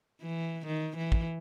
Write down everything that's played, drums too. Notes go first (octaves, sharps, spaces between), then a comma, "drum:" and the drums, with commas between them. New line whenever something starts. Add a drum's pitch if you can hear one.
E3
D#3
E3
drum: kick